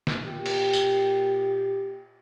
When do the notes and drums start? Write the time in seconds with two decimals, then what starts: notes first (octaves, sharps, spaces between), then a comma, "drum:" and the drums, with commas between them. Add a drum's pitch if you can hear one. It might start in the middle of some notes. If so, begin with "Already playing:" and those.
0.07 drum: snare
0.24 A#2 G4
0.46 drum: cymbal
0.73 drum: tambourine